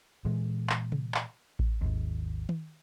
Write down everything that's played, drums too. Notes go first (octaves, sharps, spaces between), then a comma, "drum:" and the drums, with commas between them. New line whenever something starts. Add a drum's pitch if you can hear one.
A#2 E3 G#3
drum: clap
drum: tom C3
drum: clap
drum: kick A1
G#1 D#2
drum: tom D#3